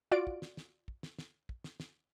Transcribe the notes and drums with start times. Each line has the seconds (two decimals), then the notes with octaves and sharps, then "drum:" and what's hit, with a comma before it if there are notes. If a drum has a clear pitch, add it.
0.11 F4 F#4 D5 D7
0.27 drum: kick
0.42 drum: snare
0.57 drum: snare
0.88 drum: kick
1.03 drum: snare
1.19 drum: snare
1.49 drum: kick
1.64 drum: snare
1.80 drum: snare